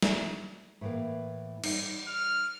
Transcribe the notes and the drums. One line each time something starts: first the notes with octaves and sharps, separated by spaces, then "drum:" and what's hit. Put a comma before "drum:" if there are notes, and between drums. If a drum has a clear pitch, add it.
drum: snare
A2 E3 A#3
G3 D#4, drum: cymbal
F6